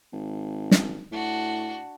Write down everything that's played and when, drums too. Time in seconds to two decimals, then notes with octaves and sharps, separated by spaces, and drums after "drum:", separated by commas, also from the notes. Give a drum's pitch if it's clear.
0.13 G#1
0.71 drum: snare
1.12 A2 D4 F#4